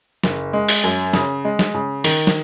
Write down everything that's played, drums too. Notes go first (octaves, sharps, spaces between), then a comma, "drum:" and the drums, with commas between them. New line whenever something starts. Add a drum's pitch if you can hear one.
F#1, drum: snare
G#3
drum: open hi-hat
F#2
C#3, drum: snare
G#3
drum: snare
C#3
D#3, drum: open hi-hat
drum: snare